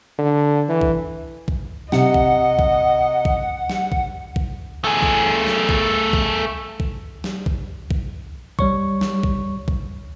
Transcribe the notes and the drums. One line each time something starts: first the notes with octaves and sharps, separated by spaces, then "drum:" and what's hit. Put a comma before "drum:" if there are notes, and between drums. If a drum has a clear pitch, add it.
D3
E3
drum: kick B1
drum: kick B1
C3 D#5 F#5, drum: snare
drum: kick B1
drum: kick B1
drum: kick B1
drum: snare
drum: kick B1
drum: kick B1
A3 G#4
drum: kick B1
drum: snare
drum: kick B1
drum: kick B1
drum: kick B1
drum: snare
drum: kick B1
drum: kick B1
G3 C#5 C#6, drum: kick B1
drum: snare
drum: kick B1
drum: kick B1